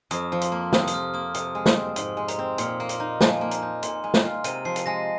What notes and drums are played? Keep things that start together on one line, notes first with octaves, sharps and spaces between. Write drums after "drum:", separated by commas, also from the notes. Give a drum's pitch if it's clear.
F2 D#6, drum: hi-hat
F3
C6, drum: hi-hat
A#3
C3 D#6, drum: snare
D#6, drum: hi-hat
F3 F6
A#3 D#6
C3 D#6, drum: hi-hat
G#3
drum: snare
C4
G#2 C6, drum: hi-hat
G#3
A#5, drum: hi-hat
C4
A#2 C6, drum: hi-hat
A#3
C6, drum: hi-hat
D#4
F3 G#5, drum: snare
A#3
A#5, drum: hi-hat
D#4
A#2 C6, drum: hi-hat
G#3
drum: snare
F4
C3 D#7, drum: hi-hat
F3 C7
drum: hi-hat
G#3 A#6